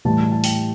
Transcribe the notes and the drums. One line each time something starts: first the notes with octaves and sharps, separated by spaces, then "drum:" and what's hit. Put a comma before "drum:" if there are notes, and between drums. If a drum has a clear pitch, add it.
A2 E3 G3 A5
A5
G5, drum: open hi-hat